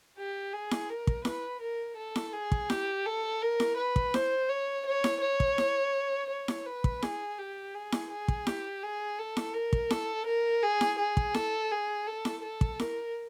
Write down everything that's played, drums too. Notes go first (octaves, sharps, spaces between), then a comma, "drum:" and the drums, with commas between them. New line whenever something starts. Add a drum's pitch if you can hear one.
G4
G#4
drum: snare E4
A#4
drum: kick
B4, drum: snare E4
A#4
A4
drum: snare E4
G#4
drum: kick
G4, drum: snare E4
A4
A#4
drum: snare E4
B4
drum: kick
C5, drum: snare E4
C#5
C#5
drum: snare E4
C#5
drum: kick
drum: snare E4
C#5
drum: snare E4
B4
drum: kick
G#4, drum: snare E4
G4
G#4
drum: snare E4
G#4
drum: kick
G4, drum: snare E4
G#4
A4
drum: snare E4
A#4
drum: kick
A4, drum: snare E4
A#4
G#4
drum: snare E4
G#4
drum: kick
A4, drum: snare E4
G#4
A4
drum: snare E4
A4
drum: kick
A#4, drum: snare E4